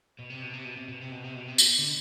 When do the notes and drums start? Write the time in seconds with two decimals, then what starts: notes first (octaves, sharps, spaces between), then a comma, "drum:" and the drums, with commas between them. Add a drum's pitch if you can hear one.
0.19 B2
0.30 C3
0.42 B2
0.53 C3
0.65 B2
0.77 C3
0.88 B2
1.01 C3
1.12 B2
1.24 C3
1.35 B2
1.48 C3
1.58 B2, drum: tambourine
1.79 D3